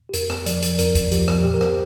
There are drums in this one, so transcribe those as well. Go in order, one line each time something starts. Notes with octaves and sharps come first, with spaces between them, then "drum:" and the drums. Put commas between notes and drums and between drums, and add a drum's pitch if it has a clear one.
G4
F2 A#4, drum: hi-hat
drum: rim click
F3 D5, drum: hi-hat
drum: hi-hat
F2 A#4, drum: hi-hat
drum: kick C#2, hi-hat
F3 G4, drum: hi-hat
drum: rim click
A#2 G4
A#4
C5, drum: rim click